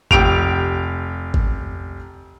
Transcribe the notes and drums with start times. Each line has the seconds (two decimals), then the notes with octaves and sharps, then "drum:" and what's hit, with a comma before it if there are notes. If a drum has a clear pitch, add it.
0.11 F1 G4 D7 F7, drum: kick G#1
1.34 drum: kick G#1